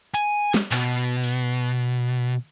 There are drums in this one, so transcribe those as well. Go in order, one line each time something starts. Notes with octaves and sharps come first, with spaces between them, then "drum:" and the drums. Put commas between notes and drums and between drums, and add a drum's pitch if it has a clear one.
G#5, drum: hi-hat
drum: snare
B2, drum: clap
drum: open hi-hat